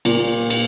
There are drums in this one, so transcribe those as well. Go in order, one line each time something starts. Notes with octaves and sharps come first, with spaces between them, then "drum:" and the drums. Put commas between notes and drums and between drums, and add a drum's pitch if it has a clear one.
A#2, drum: cymbal
drum: cymbal